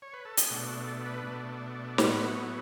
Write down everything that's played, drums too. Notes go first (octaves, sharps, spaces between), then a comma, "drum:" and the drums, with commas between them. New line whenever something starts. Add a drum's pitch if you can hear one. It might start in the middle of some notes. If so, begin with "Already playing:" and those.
C#5
B4
A4
G#4, drum: hi-hat
B2 A3 D4 F#4
F#4
A4
B4
B2 A3 D4
A2 F#3 B3 B4, drum: snare
B4
C#5